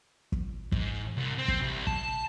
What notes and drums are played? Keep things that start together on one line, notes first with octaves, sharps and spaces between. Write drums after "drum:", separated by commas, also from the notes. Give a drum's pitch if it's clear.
drum: kick
G#2, drum: kick
C2
C4
drum: kick
C2
A5, drum: kick